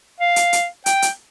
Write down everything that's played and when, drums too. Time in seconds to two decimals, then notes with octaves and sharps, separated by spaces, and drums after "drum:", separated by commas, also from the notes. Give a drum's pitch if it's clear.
0.20 F5
0.36 drum: hi-hat
0.53 drum: hi-hat
0.86 G5, drum: hi-hat
1.02 drum: hi-hat